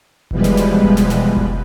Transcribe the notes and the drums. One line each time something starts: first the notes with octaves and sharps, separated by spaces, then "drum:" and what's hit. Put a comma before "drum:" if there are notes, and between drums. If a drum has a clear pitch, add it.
B2 E3 F3 G3 G#3 B4, drum: kick F1
drum: snare
drum: snare
drum: kick F1
drum: snare
drum: snare
drum: kick F1